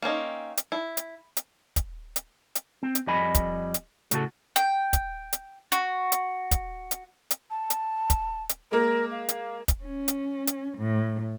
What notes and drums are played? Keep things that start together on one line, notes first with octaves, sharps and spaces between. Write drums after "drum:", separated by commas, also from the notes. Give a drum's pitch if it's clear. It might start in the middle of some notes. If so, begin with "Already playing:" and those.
A#3 C4 C#4 D#4
drum: hi-hat
E4
drum: hi-hat
drum: hi-hat
drum: kick, hi-hat
drum: hi-hat
drum: hi-hat
C4
drum: hi-hat
F2 G3 D#5 G#5 B5
drum: kick, hi-hat
drum: hi-hat
A2 C#3 F#4 A4, drum: hi-hat
G5, drum: hi-hat
drum: kick, hi-hat
drum: hi-hat
F#4, drum: hi-hat
drum: hi-hat
drum: kick, hi-hat
drum: hi-hat
drum: hi-hat
A5
drum: hi-hat
drum: kick, hi-hat
drum: hi-hat
G#3 A#3 A#4
F5
drum: hi-hat
drum: kick, hi-hat
C#4
drum: hi-hat
drum: hi-hat
A2